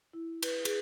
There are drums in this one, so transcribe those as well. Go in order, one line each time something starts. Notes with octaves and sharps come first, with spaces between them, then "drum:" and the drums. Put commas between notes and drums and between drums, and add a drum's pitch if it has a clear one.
E4
B4, drum: cymbal
G#4, drum: cymbal